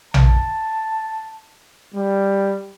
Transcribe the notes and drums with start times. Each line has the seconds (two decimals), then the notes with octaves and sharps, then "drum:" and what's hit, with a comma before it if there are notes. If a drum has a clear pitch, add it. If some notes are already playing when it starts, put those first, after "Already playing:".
0.14 A5, drum: tom A#1
1.94 G3